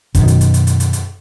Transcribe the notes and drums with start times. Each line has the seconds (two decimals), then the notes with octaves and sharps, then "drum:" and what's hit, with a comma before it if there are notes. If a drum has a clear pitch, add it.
0.15 F#2 B2 D#3, drum: kick F1, hi-hat
0.28 drum: hi-hat
0.41 drum: hi-hat
0.54 drum: hi-hat
0.67 drum: hi-hat
0.80 drum: hi-hat
0.93 drum: hi-hat